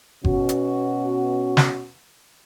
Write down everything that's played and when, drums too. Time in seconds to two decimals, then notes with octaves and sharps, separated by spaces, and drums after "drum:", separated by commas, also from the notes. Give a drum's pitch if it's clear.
0.24 B2 C#4 F#4, drum: kick G1
0.49 drum: hi-hat
1.57 drum: snare